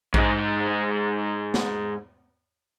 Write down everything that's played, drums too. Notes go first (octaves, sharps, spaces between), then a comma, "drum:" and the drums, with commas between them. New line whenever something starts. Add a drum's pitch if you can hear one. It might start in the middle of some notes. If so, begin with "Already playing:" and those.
G#2 D#4, drum: kick A#1
drum: snare